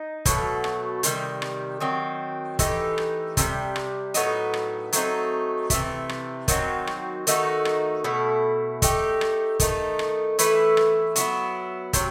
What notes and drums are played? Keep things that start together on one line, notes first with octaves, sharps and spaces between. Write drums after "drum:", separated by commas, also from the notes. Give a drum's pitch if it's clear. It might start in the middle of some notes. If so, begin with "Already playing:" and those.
Already playing: D#4
B2 F#3 A3, drum: kick, hi-hat
drum: rim click
C3 D#3 G3, drum: hi-hat
drum: rim click
D#3 F#3 C4
E3 A3 D#4 G4, drum: kick, hi-hat
drum: rim click
C3 E3 G3, drum: kick, hi-hat
drum: rim click
A2 F#3 B3 D#4, drum: hi-hat
drum: rim click
F#3 A3 C4 D#4, drum: hi-hat
C3 E3 A3, drum: kick, hi-hat
drum: rim click
D#3 F#3 C4 D#4, drum: kick, hi-hat
drum: rim click
D#3 A3 D#4 F#4, drum: hi-hat
drum: rim click
B2 A3 E4
A3 D#4 G4, drum: kick, hi-hat
drum: rim click
D#3 A3 D#4, drum: kick, hi-hat
drum: rim click
E3 A3 E4 B4, drum: hi-hat
drum: rim click
F#3 B3 E4, drum: hi-hat
C3 F#3, drum: kick, hi-hat